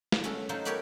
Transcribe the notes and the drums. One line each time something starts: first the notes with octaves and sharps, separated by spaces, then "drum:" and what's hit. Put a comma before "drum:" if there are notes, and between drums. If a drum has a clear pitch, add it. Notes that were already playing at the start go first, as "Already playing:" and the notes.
drum: snare
A3 C#4 F#4 A4
F#3 D#4 F4 A4 C5
B3 F#4 G4 A4 A#4 C#5